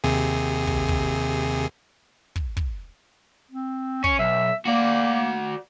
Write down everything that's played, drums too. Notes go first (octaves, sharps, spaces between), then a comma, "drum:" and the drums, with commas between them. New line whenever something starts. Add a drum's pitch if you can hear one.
D#2 C3 G#4
drum: kick
drum: kick
drum: kick
drum: kick
C4
C#4 C#6, drum: kick
B1 E5
A#3 F#4 D5